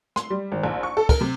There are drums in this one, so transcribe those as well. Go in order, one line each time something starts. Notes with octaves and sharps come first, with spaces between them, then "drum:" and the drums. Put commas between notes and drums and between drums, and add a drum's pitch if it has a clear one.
C6, drum: rim click
G3
G#1
A#1
C#6
A4
A#4, drum: kick, cymbal
C3